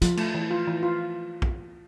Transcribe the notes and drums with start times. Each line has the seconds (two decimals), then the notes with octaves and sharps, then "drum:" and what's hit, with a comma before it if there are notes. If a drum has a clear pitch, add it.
0.02 F3 F4, drum: hi-hat
0.17 A3, drum: cymbal
0.34 E3
0.51 F4
0.67 E3
0.83 F4
1.42 drum: kick